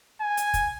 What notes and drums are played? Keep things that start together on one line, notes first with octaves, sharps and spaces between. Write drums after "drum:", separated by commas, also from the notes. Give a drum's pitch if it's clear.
G#5
drum: hi-hat
drum: kick, hi-hat